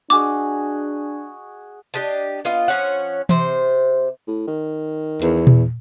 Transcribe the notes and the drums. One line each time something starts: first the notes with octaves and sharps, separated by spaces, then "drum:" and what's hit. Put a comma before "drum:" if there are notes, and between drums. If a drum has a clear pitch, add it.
D4 F#4 G#4 D#5 D6
D4 G4 D#5 A5, drum: hi-hat
B3 F4 D#5
F3 C#4 C#5 F#5
C3 C5, drum: tom E3
A2
D#3
E2, drum: hi-hat
drum: tom A#2